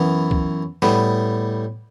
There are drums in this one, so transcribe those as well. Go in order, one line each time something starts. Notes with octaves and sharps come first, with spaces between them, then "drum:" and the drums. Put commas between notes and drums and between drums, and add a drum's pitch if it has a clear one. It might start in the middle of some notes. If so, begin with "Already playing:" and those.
Already playing: F#2 E3 B3
drum: kick
A2 G3 B3, drum: snare